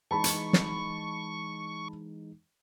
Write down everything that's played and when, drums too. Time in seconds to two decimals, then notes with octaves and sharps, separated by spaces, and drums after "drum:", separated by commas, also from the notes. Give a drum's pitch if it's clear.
0.11 E3 G#3 D#4 A5 B5 C#6
0.24 drum: hi-hat
0.53 drum: snare